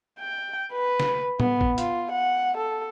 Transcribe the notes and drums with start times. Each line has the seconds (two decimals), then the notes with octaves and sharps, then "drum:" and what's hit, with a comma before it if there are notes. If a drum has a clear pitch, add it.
0.20 G5
0.72 B4
1.00 drum: snare
1.40 B3, drum: tom
1.61 drum: kick
1.78 F4, drum: hi-hat
2.12 F#5
2.58 A4